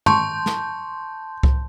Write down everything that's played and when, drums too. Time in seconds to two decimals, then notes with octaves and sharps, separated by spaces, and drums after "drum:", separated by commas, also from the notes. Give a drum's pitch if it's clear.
0.06 A5 C6 C#6 G6, drum: tom
0.46 drum: snare
1.43 drum: kick C2